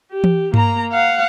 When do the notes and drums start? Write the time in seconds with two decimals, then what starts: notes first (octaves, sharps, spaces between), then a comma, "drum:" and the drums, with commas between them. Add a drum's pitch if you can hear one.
0.11 G4
0.24 drum: tom E3
0.54 A#3 A#5, drum: tom G2
0.92 F5 F#5